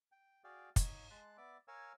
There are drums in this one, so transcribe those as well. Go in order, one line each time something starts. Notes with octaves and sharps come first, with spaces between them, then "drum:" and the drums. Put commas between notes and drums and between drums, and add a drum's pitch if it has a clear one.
G5
F#4 G#4 D5 F5 G5
D#4 C#5, drum: kick, hi-hat
G#3 A5 C6 F#6
B3 D5 E5 D6
A#4 C#5 F5 G#5 E6